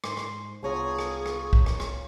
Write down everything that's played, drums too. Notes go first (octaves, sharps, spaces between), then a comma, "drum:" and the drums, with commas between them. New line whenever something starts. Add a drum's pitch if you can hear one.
G#2 C5 C6, drum: rim click
drum: rim click
C2 B3 F4 G#4 C#5 A5 A#5
drum: rim click
drum: rim click
drum: kick
drum: rim click
drum: rim click